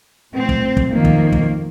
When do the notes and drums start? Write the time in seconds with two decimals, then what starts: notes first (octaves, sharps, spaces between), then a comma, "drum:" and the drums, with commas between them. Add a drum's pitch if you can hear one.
0.35 A#2 A3 C4
0.49 drum: kick
0.77 drum: kick
0.91 F2 D#3 A3 A#3
1.05 drum: kick
1.32 drum: kick